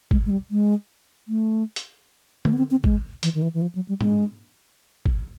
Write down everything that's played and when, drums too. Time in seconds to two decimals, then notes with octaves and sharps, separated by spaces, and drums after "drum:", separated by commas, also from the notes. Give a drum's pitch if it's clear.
0.11 G#3, drum: kick
0.26 G#3
0.30 G3
0.51 G#3
1.28 A3
1.76 drum: hi-hat
2.45 A3, drum: tom D3
2.53 B3
2.58 C4
2.71 C4
2.84 G#3, drum: kick
3.23 E3, drum: hi-hat
3.35 D#3
3.42 E3
3.54 E3
3.62 F3
3.75 F#3
3.88 G3
4.01 G#3, drum: tom G#2
5.06 drum: kick